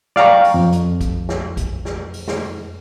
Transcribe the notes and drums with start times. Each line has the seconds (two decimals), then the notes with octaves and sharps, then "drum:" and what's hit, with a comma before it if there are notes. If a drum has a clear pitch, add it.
0.16 D5 F5 G5 A#5 C#6, drum: snare
0.44 drum: open hi-hat
0.54 F2
0.72 drum: hi-hat
1.01 drum: kick, hi-hat
1.29 drum: snare
1.57 drum: kick, hi-hat
1.85 drum: snare
2.13 drum: open hi-hat
2.28 drum: snare